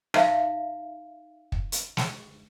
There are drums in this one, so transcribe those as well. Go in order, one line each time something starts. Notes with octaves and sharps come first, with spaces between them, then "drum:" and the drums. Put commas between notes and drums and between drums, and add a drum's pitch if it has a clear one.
D#4 E5 F5, drum: rim click
drum: kick
drum: hi-hat
drum: snare